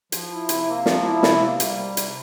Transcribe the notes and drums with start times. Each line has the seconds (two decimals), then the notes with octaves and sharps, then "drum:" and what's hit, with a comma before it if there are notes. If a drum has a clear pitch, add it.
0.12 F3, drum: hi-hat
0.31 E4
0.49 C3, drum: hi-hat
0.67 A#3
0.86 F3, drum: snare
1.04 E4
1.23 C3, drum: snare
1.41 A#3
1.60 G3, drum: hi-hat
1.78 C3
1.97 C3, drum: hi-hat